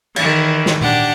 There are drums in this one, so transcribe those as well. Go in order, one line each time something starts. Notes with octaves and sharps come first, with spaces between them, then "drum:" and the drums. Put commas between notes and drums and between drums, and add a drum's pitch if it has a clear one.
D#3 E3, drum: cymbal
drum: snare
D4 G4 F#5, drum: tom A#2